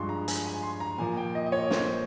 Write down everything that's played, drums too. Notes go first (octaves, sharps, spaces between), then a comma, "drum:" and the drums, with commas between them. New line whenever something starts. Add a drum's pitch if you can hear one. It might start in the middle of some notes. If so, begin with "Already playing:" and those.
Already playing: G2 F3 G#3 C6 C#6
A#5
G#5, drum: hi-hat
G#5
C6
A#5
A#2 F3 A#3 G#5
G5
D#5
D#5
C#5
C5, drum: snare